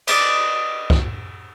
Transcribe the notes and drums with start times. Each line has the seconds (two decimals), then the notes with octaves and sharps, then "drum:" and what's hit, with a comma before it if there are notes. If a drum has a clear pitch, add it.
0.07 B4 D5 D#5, drum: cymbal
0.90 drum: kick